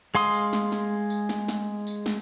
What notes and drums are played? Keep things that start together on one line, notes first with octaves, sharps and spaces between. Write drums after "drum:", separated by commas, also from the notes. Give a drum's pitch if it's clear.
G#3 F5 C6 D#6
drum: tambourine
drum: snare
drum: snare
drum: tambourine
drum: snare
drum: snare
drum: tambourine
drum: snare